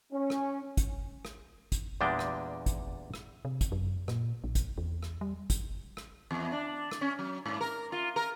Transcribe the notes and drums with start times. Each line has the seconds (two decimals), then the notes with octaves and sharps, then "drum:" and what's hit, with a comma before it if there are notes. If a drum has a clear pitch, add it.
0.12 C#4
0.30 drum: rim click
0.77 drum: kick, hi-hat
1.25 drum: rim click
1.72 drum: kick, hi-hat
2.01 E2 A#2 G3 G#3 D4 G5
2.19 drum: rim click
2.66 drum: kick, hi-hat
3.14 drum: rim click
3.45 C3
3.61 drum: kick, hi-hat
3.72 F#2
4.08 A#2, drum: rim click
4.44 A#1
4.55 drum: kick, hi-hat
4.78 E2
5.03 drum: rim click
5.21 G3
5.50 drum: kick, hi-hat
5.97 drum: rim click
6.31 E2
6.52 D4
6.91 drum: rim click
7.01 C#4
7.19 F#3
7.46 G#2
7.61 A#4
7.92 F4
8.16 A#4